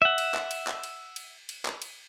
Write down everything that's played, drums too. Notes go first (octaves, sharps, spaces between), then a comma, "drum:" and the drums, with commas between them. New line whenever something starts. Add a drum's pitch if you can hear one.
E5 F#5
drum: cymbal
drum: clap
drum: cymbal
drum: clap
drum: cymbal
drum: cymbal
drum: cymbal
drum: clap
drum: cymbal